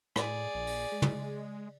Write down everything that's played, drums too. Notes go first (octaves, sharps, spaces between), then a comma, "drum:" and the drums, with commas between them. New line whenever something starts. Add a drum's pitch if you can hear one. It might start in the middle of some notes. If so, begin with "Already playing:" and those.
A2 G#4 D5, drum: rim click
A#1
drum: open hi-hat
G#3
drum: tom